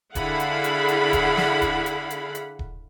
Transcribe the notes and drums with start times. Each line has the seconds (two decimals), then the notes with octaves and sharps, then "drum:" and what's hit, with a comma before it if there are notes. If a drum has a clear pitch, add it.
0.15 D3 E4 G#4 F5 F#5 B5, drum: kick D#1, hi-hat
0.40 drum: hi-hat
0.64 drum: hi-hat
0.88 drum: hi-hat
1.13 drum: kick D#1, hi-hat
1.37 drum: snare
1.62 drum: kick D#1, hi-hat
1.86 drum: hi-hat
2.10 drum: hi-hat
2.35 drum: hi-hat
2.59 drum: kick D#1